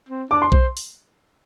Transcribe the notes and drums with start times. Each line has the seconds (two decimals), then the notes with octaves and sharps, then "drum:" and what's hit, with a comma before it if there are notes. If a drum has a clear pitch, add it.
0.09 C4
0.31 D4 D6
0.42 C6
0.52 C5, drum: kick B1
0.77 drum: open hi-hat